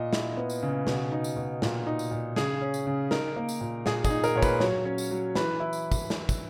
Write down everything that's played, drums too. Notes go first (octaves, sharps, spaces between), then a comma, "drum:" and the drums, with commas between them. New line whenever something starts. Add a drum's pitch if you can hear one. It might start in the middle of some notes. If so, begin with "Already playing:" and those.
Already playing: A#2 D#5
E4, drum: snare
B3
drum: tambourine
C#3
B2, drum: snare
D#4
drum: tambourine
B2
A#2, drum: snare
D#4
drum: tambourine
A#2
C#3 G#4, drum: snare
C#4
drum: tambourine
C#3
D#4 A#4, drum: snare
A#3
drum: tambourine
A#2
A#2 G#4, drum: snare
G#4, drum: kick, tambourine
D#4
A#4, drum: tambourine
A#2 C#5
B4, drum: kick, tambourine
F#3 C#5, drum: snare
C#4
drum: tambourine
F#3
E3 B4, drum: snare
E4
drum: tambourine
drum: kick, tambourine
drum: snare
drum: kick, tambourine